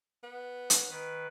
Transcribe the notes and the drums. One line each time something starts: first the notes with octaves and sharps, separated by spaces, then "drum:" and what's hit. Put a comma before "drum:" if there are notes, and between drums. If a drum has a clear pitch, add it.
B3
drum: hi-hat
D#3 B4